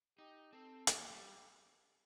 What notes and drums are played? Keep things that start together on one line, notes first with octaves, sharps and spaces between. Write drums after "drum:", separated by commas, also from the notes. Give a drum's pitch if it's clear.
D#4 G4
C4 A4
A#3 G4, drum: hi-hat
G3